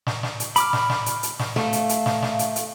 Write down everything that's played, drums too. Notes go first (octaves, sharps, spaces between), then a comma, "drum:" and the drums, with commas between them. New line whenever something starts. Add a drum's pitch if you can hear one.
drum: snare
drum: snare
drum: hi-hat
B5 D6 F6, drum: hi-hat
drum: snare
drum: snare
drum: hi-hat
drum: hi-hat
drum: snare
A3 F5, drum: snare
drum: hi-hat
drum: hi-hat
drum: snare
drum: snare
drum: hi-hat
drum: hi-hat